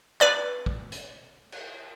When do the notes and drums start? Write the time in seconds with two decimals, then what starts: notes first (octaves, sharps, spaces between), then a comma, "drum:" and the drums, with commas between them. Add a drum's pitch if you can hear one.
0.21 B4 D5, drum: clap
0.66 drum: kick
0.92 drum: hi-hat
1.52 drum: cymbal